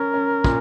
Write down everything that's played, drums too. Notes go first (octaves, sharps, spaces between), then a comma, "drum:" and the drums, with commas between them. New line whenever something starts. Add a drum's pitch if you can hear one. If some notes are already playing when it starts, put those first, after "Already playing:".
Already playing: C#4 A#4
C#4
A#2, drum: kick